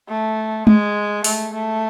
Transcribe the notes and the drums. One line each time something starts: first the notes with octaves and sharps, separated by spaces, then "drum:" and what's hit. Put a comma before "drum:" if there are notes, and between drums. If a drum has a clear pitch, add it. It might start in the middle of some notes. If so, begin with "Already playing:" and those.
A3
G#3, drum: tom G#3
A3, drum: open hi-hat
A3